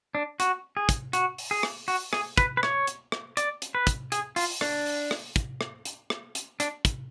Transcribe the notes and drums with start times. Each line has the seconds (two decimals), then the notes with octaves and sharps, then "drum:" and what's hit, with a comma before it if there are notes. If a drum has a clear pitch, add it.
0.15 D4
0.40 F#4, drum: hi-hat
0.77 G#4
0.89 drum: kick, hi-hat
1.13 F#4, drum: hi-hat
1.38 drum: open hi-hat
1.51 G#4
1.63 drum: rim click
1.88 F#4, drum: open hi-hat
2.13 G#4, drum: rim click
2.37 B4, drum: kick, hi-hat
2.57 B4
2.63 C#5, drum: rim click
2.87 drum: hi-hat
3.12 drum: rim click
3.37 D5, drum: hi-hat
3.62 drum: hi-hat
3.75 B4
3.87 drum: kick, hi-hat
4.12 G#4, drum: hi-hat
4.36 F4, drum: open hi-hat
4.61 D4, drum: rim click
4.86 drum: open hi-hat
5.11 drum: rim click
5.36 drum: kick, hi-hat
5.61 drum: rim click
5.85 drum: hi-hat
6.10 drum: rim click
6.35 drum: hi-hat
6.60 D4, drum: hi-hat
6.85 drum: kick, hi-hat